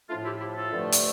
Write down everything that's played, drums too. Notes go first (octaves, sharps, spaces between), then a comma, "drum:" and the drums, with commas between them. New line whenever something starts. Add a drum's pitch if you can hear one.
A2 F3 A3 D4 F4
E4 G4
E4 G4
F4 A4
G2 D3 F3 A3
drum: hi-hat